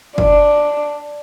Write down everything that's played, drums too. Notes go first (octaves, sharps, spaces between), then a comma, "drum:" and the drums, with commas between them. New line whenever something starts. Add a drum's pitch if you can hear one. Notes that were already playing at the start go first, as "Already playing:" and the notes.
D4, drum: kick